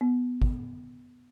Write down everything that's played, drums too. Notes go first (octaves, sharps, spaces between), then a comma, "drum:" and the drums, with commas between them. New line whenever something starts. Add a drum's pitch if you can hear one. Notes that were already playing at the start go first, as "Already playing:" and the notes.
B3
drum: kick